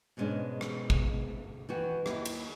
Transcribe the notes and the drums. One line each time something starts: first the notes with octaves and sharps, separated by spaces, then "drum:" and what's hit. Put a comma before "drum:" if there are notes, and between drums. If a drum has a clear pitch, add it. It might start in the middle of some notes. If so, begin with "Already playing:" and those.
G#2 B2 G3 G#3 C#4 D4
drum: rim click
drum: kick
D#3 E3 F#4
D#2 D#4 E4, drum: rim click
drum: cymbal